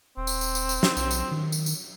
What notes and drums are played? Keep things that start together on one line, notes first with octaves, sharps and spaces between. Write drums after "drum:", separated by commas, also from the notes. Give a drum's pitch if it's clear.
D#1 C4
drum: tambourine
drum: tambourine
drum: tambourine
drum: tambourine
drum: snare
B1, drum: tambourine
drum: tambourine
D#3
drum: tambourine
drum: tambourine